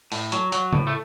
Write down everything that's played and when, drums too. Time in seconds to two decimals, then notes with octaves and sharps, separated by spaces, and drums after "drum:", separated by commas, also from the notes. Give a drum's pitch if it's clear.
0.12 A2, drum: open hi-hat
0.32 F#3, drum: hi-hat
0.52 F#3, drum: hi-hat
0.73 A2, drum: tom C#3
0.87 A3